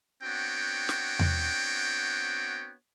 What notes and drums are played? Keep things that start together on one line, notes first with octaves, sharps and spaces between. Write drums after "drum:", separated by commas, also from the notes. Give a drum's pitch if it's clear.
B3 C4 D4 F#4 C#5 G5
drum: snare
drum: tom E2